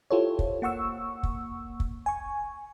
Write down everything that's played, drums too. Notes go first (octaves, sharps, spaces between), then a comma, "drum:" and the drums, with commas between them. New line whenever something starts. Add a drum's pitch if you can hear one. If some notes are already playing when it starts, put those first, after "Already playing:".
E4 F4 G4 A4 C5 C#5
drum: kick
A#3 F#5 C#6 E6
drum: kick
drum: kick
G#5 C#6